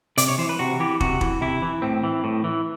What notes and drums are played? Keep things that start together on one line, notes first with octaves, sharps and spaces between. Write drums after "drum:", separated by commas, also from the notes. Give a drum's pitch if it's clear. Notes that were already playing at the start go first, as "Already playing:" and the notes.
C3 D5, drum: hi-hat
C#5
E3 C5
B4
C3 F#4
E3 G4
C3 F#4, drum: kick
E3, drum: kick
C3 E4
E3
A2 C4
E3
A2
E3